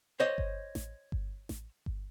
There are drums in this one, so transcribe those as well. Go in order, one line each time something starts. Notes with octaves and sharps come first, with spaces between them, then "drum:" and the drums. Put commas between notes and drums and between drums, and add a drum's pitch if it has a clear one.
C5 C#5 D#5
drum: kick G1
drum: snare A1
drum: kick G1
drum: snare A1
drum: kick G1